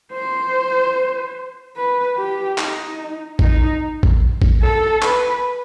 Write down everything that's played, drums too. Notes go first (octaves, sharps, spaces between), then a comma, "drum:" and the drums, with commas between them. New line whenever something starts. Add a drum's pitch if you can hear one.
C5
B4
G4
D#4, drum: clap
D#4, drum: kick A1
drum: kick A1
drum: kick A1
A4
B4, drum: clap